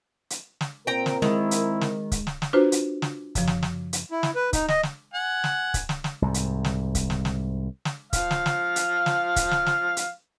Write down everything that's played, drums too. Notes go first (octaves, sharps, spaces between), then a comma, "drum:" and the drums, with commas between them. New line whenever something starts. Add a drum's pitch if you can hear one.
drum: hi-hat
drum: snare
A#2 C4 A#4 G5 A#5
drum: snare
D#3 G#3 E4, drum: snare
drum: hi-hat
drum: snare
drum: kick C#1, hi-hat
drum: snare
drum: snare
D4 F4 F#4 B4 C5 A#5
drum: hi-hat
drum: snare
F#2 C#3 F3, drum: kick C#1, hi-hat
drum: snare
drum: snare
drum: hi-hat
E4
drum: snare
B4
D#4, drum: kick C#1, hi-hat
D#5, drum: snare
drum: snare
F#5 G#5
drum: snare
drum: kick C#1, hi-hat
drum: snare
drum: snare
C2 G#2
drum: hi-hat
drum: snare
drum: kick C#1, hi-hat
drum: snare
drum: snare
drum: snare
F3 F5 F6, drum: kick C#1, hi-hat
drum: snare
drum: snare
drum: hi-hat
drum: snare
drum: kick C#1, hi-hat
drum: snare
drum: snare
drum: hi-hat